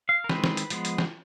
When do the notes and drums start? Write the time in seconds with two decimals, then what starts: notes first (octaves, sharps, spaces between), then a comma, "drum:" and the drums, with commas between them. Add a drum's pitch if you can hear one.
0.09 F5
0.24 A#4
0.30 D#3 G#3 C4 B4, drum: snare
0.44 drum: snare
0.57 drum: hi-hat
0.70 F3 G#3 B3, drum: hi-hat
0.85 drum: hi-hat
0.98 drum: snare